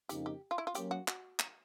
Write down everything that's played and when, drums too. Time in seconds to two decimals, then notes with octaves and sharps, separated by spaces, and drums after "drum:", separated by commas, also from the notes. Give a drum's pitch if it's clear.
0.09 F2 C#3 F3 A#3 D#4 G4, drum: hi-hat
0.26 G4
0.51 F4
0.58 E4
0.67 F4
0.74 F#3 A#3 C#4 G4, drum: hi-hat
0.91 F#4
1.08 F#4, drum: clap
1.39 drum: clap